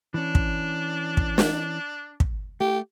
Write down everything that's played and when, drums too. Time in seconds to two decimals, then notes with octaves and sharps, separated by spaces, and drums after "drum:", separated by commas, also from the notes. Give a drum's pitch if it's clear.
0.14 E3 C#4 D4
0.35 drum: kick
1.17 drum: kick
1.38 drum: snare
2.20 drum: kick
2.61 A3 G4